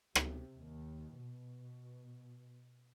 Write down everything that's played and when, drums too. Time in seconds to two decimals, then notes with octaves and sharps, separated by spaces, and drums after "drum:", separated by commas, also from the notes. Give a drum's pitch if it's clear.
0.15 C3, drum: rim click
0.57 D#2
1.22 B2